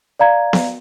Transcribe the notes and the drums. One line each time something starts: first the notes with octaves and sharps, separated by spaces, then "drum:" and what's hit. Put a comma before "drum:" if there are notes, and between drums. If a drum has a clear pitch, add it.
D5 F5 A#5 G#6
drum: snare B3